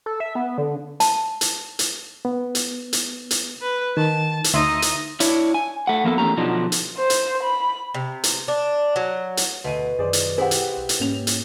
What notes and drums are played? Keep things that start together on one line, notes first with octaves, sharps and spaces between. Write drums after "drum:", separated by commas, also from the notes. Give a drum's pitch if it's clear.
A4
E5
B3
D3
A5, drum: hi-hat
drum: hi-hat
drum: hi-hat
B3
drum: hi-hat
drum: hi-hat
drum: hi-hat
B4
D#3 A5
drum: hi-hat
D2 D#4 D#5 E5 C6
drum: hi-hat
D4 E4 C#5, drum: hi-hat
G#5
A3 F#5
F3 A#3 B3 A4
E2 D#3 A3 C#4 G4 A#5
B2 D3 F3 F#3 D4 D#4
drum: hi-hat
C5
drum: hi-hat
B5
C3
drum: hi-hat
D4
F#3
drum: hi-hat
D2 B2 A4 F#5 D#7
F#2 D#3 F#4 G#4 C5 D5
drum: hi-hat
E4 G4 G#4 C5 F#5
drum: hi-hat
B1
drum: hi-hat
G#2 A#3 C#4 F7
drum: hi-hat